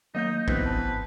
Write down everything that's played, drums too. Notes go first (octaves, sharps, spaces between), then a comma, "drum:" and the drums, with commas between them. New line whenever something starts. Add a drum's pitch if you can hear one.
D#3 F#3 A#3 D#4 D#5 G6
D3 E3 B3 C4 B4 G6, drum: kick A#1
G#1 A5